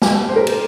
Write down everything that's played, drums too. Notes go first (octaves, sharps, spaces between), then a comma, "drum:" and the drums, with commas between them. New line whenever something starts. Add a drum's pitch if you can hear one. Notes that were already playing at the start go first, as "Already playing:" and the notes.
G4, drum: snare
C5
A#4
drum: cymbal